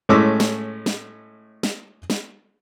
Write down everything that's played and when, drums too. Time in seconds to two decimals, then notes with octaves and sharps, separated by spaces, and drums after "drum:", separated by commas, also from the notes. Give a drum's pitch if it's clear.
0.09 A2 G#3 A3 C#4 D6 E6
0.40 drum: snare
0.86 drum: snare
1.63 drum: snare
2.10 drum: snare